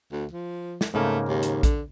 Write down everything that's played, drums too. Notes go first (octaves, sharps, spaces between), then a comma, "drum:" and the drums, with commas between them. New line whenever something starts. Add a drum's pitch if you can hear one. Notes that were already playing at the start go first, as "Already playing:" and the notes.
D2
F3
drum: snare
G#2 C#3 A3 A#3
D#2
drum: hi-hat
D3, drum: kick A#1, hi-hat